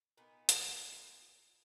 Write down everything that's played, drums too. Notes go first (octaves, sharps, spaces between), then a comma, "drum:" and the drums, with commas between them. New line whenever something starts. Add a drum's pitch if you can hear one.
A#2 B3 D#4
drum: hi-hat